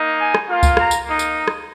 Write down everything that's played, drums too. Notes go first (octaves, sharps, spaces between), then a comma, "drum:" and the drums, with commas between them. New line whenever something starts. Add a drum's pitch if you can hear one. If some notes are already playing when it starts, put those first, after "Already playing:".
Already playing: A#3 D#4
G#5
drum: rim click
A#3 F4
drum: kick C#2, tambourine
A#5, drum: rim click
drum: tambourine
A#3 D#4
drum: tambourine
drum: rim click